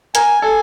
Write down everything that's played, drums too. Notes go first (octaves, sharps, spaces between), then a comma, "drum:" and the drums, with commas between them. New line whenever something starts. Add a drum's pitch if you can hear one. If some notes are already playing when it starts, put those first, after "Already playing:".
A#4 G#5, drum: hi-hat
A4 G#5